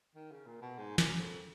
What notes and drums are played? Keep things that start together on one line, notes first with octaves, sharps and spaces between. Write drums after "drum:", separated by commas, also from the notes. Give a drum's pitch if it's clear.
D#3
C#3
A#2
B2
G#2
F#2, drum: snare
F2